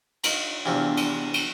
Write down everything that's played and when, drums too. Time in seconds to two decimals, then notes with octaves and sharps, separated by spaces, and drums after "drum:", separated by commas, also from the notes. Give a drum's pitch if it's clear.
0.24 D#4 F5 A#5, drum: cymbal
0.66 E2 C3 F3 B3 D4
0.97 drum: cymbal
1.34 drum: cymbal